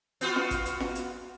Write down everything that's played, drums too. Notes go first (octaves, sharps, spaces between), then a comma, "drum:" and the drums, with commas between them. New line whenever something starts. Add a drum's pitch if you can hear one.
B3 F4 F#4, drum: hi-hat
drum: snare F4
drum: kick G#1, hi-hat
drum: hi-hat
drum: snare F4
drum: hi-hat